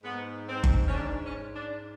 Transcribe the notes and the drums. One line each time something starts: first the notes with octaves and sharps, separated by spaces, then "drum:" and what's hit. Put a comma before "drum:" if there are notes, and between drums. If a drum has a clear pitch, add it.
G#2 B3
G#2 C4
drum: kick G1
C#4
G#2 D4
C#4
G#2
D4